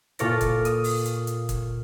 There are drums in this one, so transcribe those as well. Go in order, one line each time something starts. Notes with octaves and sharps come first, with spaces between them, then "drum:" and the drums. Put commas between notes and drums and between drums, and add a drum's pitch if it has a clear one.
A#2 F4 A4 C#5 D6 A#6, drum: hi-hat
drum: kick, hi-hat
D#6, drum: hi-hat
drum: open hi-hat
drum: hi-hat
drum: hi-hat
drum: kick, hi-hat